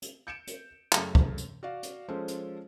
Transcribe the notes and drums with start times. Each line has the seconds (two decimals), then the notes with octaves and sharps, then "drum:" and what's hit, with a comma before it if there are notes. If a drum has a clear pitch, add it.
0.02 drum: hi-hat
0.27 G6 C#7 D7 E7
0.47 drum: hi-hat
0.92 F#2 C#3 A3, drum: clap
1.15 drum: kick
1.38 drum: hi-hat
1.63 F#4 D5 F5
1.83 drum: hi-hat
2.08 F3 G#3 C#4 A4 C5
2.28 drum: hi-hat